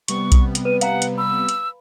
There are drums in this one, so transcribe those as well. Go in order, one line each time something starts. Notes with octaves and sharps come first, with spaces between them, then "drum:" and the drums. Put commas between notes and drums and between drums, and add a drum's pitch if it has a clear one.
C3 G3 B3 C#6, drum: hi-hat
drum: kick B1, hi-hat
drum: hi-hat
B4 D#7
F5 F#5 A#5, drum: hi-hat
drum: hi-hat
B5 E6
drum: hi-hat